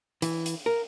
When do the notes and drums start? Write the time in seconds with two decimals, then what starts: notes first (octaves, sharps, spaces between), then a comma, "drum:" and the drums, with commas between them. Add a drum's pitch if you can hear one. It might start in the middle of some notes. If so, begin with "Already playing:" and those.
0.22 E3, drum: hi-hat
0.46 drum: hi-hat
0.66 A#4